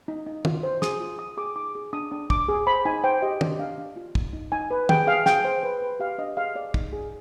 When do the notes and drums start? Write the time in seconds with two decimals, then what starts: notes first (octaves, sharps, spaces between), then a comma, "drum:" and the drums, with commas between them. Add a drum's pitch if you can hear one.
0.08 D#4
0.26 D#4
0.45 F4, drum: tom
0.63 C5
0.82 G#4 D#6, drum: snare
1.00 F4
1.19 G#4 D#6
1.37 G#4 D6
1.56 D#4 D6
1.75 G#4
1.93 D4 D#6
2.11 D4
2.30 D4 D6, drum: kick
2.48 G#4
2.67 C5 B5
2.85 D#4 G#5
3.04 C5 G5
3.22 G4 D#5
3.41 D4 D5, drum: tom
3.59 D4 F5
3.78 D4
3.96 F4
4.15 D#4, drum: kick
4.33 D#4
4.52 D#4 G#5
4.71 B4
4.89 G#4 G5, drum: tom
5.07 G#4 F5
5.26 G#4 G5, drum: snare
5.44 C5
5.63 B4
5.82 B4
6.00 G4 F5
6.18 D4 D#5
6.37 G#4 F5
6.55 G#4 D5
6.74 D#4, drum: kick
6.93 G#4